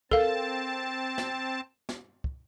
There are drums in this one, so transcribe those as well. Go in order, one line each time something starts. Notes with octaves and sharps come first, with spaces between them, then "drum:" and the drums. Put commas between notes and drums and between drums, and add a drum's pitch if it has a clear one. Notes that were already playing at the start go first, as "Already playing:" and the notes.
C4 A4 A#4 F5 A5, drum: kick
drum: snare
drum: snare
drum: kick